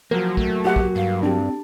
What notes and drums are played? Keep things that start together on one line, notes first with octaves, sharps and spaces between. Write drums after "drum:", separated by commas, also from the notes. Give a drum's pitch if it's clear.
F3 F#3 A#3 A#4
A3, drum: kick
F#4 G4 F#5
drum: kick
G2 F5
C4 D4 G4